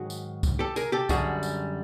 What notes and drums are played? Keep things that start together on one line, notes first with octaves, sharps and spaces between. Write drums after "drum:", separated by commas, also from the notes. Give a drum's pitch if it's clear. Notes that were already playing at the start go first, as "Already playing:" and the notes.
Already playing: G#2 D#3 F#3 F#4 G#4
drum: tambourine
drum: kick C2, tambourine
G4 A4
G#4 A#4, drum: tambourine
G4 A4
F#2 D3 G3 F#4 G#4, drum: kick C2, tambourine
drum: tambourine